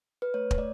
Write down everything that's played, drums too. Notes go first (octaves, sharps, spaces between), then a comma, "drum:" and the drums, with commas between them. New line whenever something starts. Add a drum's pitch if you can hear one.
B4
A3 C#5
C#5, drum: kick
A3 D5